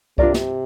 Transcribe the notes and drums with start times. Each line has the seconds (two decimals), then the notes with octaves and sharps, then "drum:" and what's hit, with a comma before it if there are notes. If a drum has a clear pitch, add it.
0.18 C3 D4 F4 A#4 D5, drum: kick C2
0.34 drum: snare